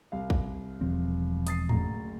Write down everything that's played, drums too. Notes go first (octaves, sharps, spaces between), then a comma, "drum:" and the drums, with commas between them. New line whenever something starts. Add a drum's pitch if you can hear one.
C2 F5
drum: kick
E1 F3 C4
D#6 A6 C7, drum: hi-hat
F#1 D2 A#5, drum: tom G#2